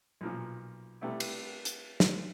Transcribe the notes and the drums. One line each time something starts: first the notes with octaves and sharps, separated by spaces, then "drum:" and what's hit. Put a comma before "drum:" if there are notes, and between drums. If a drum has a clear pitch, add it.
B1 A#2 F3
C3 G3 A3 B3 E4
drum: cymbal
drum: hi-hat
drum: snare